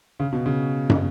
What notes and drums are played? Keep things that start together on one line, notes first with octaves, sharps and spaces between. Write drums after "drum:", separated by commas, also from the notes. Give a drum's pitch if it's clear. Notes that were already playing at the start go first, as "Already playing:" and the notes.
C#3
B2
C#3
drum: tom